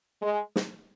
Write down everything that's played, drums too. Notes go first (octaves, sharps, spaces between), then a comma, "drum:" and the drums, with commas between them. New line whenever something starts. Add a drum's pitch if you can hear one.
G#3
drum: snare